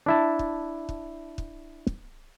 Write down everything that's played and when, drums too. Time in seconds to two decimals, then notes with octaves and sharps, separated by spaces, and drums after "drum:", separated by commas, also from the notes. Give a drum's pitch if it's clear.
0.06 D4 E4 A5
0.39 drum: kick
0.89 drum: kick
1.38 drum: kick
1.87 drum: kick